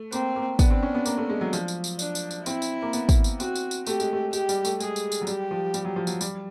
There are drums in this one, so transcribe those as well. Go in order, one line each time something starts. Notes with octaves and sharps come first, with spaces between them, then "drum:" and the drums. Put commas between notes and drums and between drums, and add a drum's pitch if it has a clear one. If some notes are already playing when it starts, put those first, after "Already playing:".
Already playing: A3
A#3 C4, drum: tambourine
A#3
B3 D4, drum: kick, tambourine
C4
C#4
B3
A#3, drum: tambourine
A3
G#3
F#3
F3, drum: tambourine
drum: tambourine
drum: tambourine
D4, drum: tambourine
drum: tambourine
drum: tambourine
C4 E4, drum: tambourine
drum: tambourine
A#3
B3, drum: tambourine
drum: kick, tambourine
drum: tambourine
C4 F#4, drum: tambourine
drum: tambourine
drum: tambourine
A3 G4, drum: tambourine
G#3, drum: tambourine
A3
G#3 G4, drum: tambourine
G3, drum: tambourine
A3, drum: tambourine
G#3 G#4, drum: tambourine
drum: tambourine
drum: tambourine
F#3
G3 G4, drum: tambourine
F3
G3, drum: tambourine
F#3
F3
F#3, drum: tambourine
G3, drum: tambourine